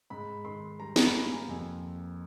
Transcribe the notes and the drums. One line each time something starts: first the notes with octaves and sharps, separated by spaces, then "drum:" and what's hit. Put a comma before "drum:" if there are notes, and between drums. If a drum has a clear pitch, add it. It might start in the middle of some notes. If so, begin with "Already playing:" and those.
G#2 B5
D#3 C6
G3 A#5
B5, drum: snare
A#3 A#5
G#5
F2 G#5